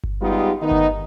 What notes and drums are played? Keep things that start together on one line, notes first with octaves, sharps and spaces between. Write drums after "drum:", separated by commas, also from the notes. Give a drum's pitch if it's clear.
drum: kick G1
G3 G#3 B3 D#4 F4 G4
D#3 A3 B3 D#4
drum: kick G1